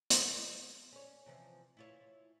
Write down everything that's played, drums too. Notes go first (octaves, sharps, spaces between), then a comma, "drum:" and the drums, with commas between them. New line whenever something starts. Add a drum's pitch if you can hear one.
drum: hi-hat
C#4 C#5
C3 E3 F3
E4 F4 C#5